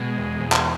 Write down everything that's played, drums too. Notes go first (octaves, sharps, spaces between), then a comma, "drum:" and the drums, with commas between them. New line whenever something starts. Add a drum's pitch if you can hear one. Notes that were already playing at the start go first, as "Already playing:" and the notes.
Already playing: B2 G#3
E2
E2
drum: clap